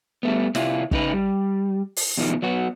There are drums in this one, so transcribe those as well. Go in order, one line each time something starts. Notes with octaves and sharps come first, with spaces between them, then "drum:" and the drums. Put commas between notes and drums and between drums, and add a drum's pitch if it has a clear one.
G3 A3 B3
C3 E4 F4, drum: snare
C#3 D#4 B4, drum: kick
G3
drum: open hi-hat
E2 B2 D#3 F3 D#4
F#3 B3 F#4